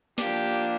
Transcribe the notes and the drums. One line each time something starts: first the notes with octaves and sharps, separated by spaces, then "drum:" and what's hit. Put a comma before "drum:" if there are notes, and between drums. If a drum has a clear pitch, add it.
F3 A#3 D4 G4, drum: snare
drum: hi-hat
drum: hi-hat